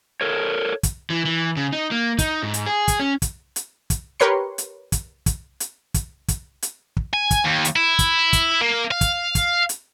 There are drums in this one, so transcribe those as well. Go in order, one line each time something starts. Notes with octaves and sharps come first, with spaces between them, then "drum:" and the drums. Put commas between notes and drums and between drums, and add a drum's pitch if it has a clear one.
A4 A#4 C#5
drum: kick, hi-hat
E3
E3
C#3
D#4
A#3
D#4, drum: kick, hi-hat
G#2
drum: hi-hat
G#4
drum: kick, hi-hat
C#4
drum: kick, hi-hat
drum: hi-hat
drum: kick, hi-hat
G4 A#4 B4 C#5 C6 C#7
drum: hi-hat
drum: kick, hi-hat
drum: kick, hi-hat
drum: hi-hat
drum: kick, hi-hat
drum: kick, hi-hat
drum: hi-hat
drum: kick
G#5
drum: kick, hi-hat
D#2
drum: hi-hat
E4
drum: kick, hi-hat
drum: kick, hi-hat
A#3
F5
drum: kick, hi-hat
drum: kick, hi-hat
drum: hi-hat